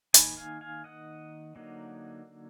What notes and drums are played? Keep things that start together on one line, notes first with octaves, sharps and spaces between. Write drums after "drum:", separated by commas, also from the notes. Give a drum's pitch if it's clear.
D#3 A#3 D#4 G#5 B5, drum: hi-hat
F5 G#5
F5 G#5
D#5 F#5
D3 F#3 A#3 D#4